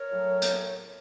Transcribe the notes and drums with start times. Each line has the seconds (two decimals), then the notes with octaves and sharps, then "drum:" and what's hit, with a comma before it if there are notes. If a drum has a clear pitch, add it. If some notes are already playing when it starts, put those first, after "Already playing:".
Already playing: A#4 C#5
0.10 A2 F#3
0.42 drum: hi-hat